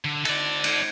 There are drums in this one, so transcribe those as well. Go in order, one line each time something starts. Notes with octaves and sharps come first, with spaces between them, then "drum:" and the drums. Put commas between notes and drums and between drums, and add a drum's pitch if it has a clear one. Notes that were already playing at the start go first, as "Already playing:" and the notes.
D3
A4 D5, drum: cymbal
drum: cymbal